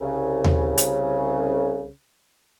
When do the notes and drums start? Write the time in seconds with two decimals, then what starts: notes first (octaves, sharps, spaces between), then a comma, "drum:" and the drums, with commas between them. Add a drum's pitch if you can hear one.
0.01 C2 C#3
0.44 drum: tom D#2
0.78 drum: hi-hat